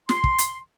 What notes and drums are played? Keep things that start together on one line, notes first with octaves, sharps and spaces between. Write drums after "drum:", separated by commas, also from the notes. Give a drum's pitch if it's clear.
C6, drum: snare
drum: kick
drum: hi-hat